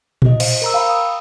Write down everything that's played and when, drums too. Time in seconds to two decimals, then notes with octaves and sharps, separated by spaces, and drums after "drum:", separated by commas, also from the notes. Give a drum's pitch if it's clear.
0.22 E4 D#5, drum: tom A#2
0.40 C5 F5, drum: cymbal
0.62 A#4 A#5 E6
0.74 F5 G5 B5
0.89 D#6